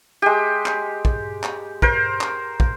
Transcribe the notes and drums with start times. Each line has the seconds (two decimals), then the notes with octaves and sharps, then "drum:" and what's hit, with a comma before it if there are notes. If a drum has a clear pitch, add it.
0.22 G#3 G4
0.66 drum: clap
1.05 drum: kick
1.44 drum: clap
1.82 A#4 C5, drum: kick
2.21 drum: clap
2.60 drum: kick